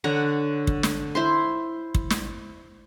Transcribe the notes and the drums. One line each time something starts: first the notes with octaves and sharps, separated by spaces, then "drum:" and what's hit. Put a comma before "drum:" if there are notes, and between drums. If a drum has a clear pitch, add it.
D3 C#5 F#5 A#5
drum: kick
drum: snare
E4 C5 C6
drum: kick
drum: snare